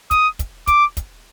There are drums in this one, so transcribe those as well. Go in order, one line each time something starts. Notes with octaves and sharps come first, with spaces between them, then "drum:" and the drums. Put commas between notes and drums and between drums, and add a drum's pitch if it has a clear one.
D#6, drum: kick, hi-hat
drum: kick, hi-hat
D6, drum: kick, hi-hat
drum: kick, hi-hat